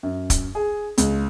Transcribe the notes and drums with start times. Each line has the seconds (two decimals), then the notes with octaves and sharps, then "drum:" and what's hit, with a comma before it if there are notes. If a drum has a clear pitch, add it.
0.03 F#2
0.30 drum: kick, hi-hat
0.55 G#4
0.98 C#2, drum: hi-hat